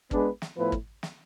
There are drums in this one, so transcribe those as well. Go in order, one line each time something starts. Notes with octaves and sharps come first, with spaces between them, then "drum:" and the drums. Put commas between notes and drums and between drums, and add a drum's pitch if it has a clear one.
G#3 B3 D4 G#4 B4, drum: kick
drum: snare
A2 F3 B3 E4 B4
drum: kick
drum: snare